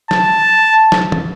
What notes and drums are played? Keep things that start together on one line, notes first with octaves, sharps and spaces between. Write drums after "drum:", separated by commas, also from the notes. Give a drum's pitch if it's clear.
A5, drum: snare
drum: snare
drum: tom